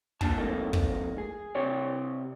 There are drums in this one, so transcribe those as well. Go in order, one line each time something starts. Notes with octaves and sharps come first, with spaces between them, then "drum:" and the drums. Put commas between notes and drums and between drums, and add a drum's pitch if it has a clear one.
G3 A#3 D4 G#5 A5, drum: kick
F2 G#2 A3 A#3 D#4
drum: kick
G#4
C3 G4 C#5 D5